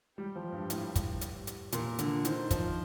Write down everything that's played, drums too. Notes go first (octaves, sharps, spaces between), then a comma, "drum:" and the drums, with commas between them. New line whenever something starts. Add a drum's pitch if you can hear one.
G3 G4
F3
G2
A2, drum: hi-hat
drum: kick, hi-hat
drum: hi-hat
drum: hi-hat
A#2 A#4, drum: hi-hat
D3, drum: hi-hat
D#3 C5, drum: hi-hat
F3, drum: kick, hi-hat